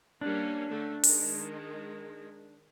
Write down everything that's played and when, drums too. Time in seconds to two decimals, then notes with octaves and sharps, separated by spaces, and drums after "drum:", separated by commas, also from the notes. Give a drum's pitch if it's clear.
0.21 G3 A#3 C#4 D4
0.69 D3 A3
1.03 D#3 G#3, drum: open hi-hat